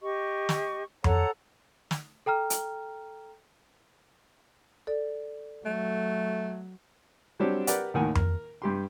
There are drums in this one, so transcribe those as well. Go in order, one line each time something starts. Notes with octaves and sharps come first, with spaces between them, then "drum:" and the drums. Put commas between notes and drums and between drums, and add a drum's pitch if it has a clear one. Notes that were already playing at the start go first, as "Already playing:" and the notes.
G4 D#5 C#6
drum: snare
A4 C#5 F#5 A#5, drum: tom F2
drum: snare
A4 G5 A#5 F6
drum: hi-hat
A4 D5
F#3 A3
F#3 G3 C4 D4 G4 C#5
G4 A#4 B4 D5 F#5, drum: hi-hat
D#2 A2 D#3 A#3 F#5 G#5
A#4, drum: tom F2
G2 G4 C6